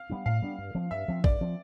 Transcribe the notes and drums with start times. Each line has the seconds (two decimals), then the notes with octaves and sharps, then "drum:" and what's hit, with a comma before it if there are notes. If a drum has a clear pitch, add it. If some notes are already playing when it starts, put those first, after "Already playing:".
Already playing: F5
0.10 G3 B3 D4
0.25 A2 F5
0.42 G3 B3 D4
0.58 G2
0.75 F3 C4
0.91 G2 E5
1.08 F3 C4
1.24 G2 D5, drum: kick
1.41 F3 C4